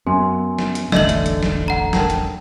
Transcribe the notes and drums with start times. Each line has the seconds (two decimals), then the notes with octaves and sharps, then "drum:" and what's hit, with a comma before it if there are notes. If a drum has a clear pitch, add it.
0.07 F#2 B3 G#5 C6
0.59 drum: snare
0.75 drum: hi-hat
0.92 E1 A1 D3 E3 A3 D#5 F#7, drum: snare
1.09 drum: hi-hat
1.26 drum: hi-hat
1.43 drum: snare
1.68 F#5 A#5
1.93 A#4 G5 A5, drum: snare
2.10 drum: hi-hat